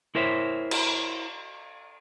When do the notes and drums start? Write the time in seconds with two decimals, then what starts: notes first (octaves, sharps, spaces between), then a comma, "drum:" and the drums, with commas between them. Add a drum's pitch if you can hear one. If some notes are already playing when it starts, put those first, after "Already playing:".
0.15 E4 A#4 C5 C#5 E5
0.71 drum: cymbal